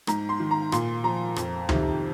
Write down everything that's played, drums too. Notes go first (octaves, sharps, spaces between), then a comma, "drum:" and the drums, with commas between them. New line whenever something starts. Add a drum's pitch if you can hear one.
G#2 A#5, drum: rim click
C6
D#3
A#5
A#2 C6, drum: rim click
F3 A#5
F2, drum: rim click
C3 D#3, drum: tom